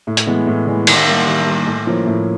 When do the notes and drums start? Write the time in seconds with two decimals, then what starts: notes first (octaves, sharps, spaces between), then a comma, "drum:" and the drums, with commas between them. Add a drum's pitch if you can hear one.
0.07 A2
0.17 drum: hi-hat
0.27 E3 G#3 B3
0.47 A2
0.67 E3 G#3 B3
0.87 D#3, drum: cymbal
1.07 G3 A#3
1.27 D#3
1.47 G3 A#3
1.67 A2
1.87 F3 A#3 C#4 E4
2.07 A2